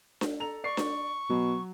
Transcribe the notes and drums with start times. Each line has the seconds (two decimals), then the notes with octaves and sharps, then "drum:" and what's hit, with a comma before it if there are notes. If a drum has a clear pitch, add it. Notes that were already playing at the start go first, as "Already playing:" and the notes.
0.21 drum: snare D4
0.40 A4 A#5 F7
0.64 D5 C#6 C7
0.77 drum: snare D4
1.30 B2 F#3